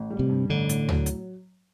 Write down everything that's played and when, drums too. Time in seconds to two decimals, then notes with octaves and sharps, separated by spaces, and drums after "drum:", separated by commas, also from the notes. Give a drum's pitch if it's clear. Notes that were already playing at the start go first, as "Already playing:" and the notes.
Already playing: A1
0.10 G3
0.19 C3
0.29 G2
0.50 A1 D3
0.69 A2, drum: hi-hat
0.89 F#3, drum: tom
1.06 drum: hi-hat